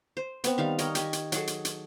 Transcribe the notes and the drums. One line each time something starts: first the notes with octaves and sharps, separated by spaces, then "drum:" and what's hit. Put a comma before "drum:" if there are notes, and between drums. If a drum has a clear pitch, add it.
C5
B3 C4, drum: hi-hat
D#3 G3 F5
A#4 C#5 D#5, drum: hi-hat
G4 D#5 G#5, drum: hi-hat
drum: hi-hat
F#3 G#4 A4, drum: hi-hat
drum: hi-hat
drum: hi-hat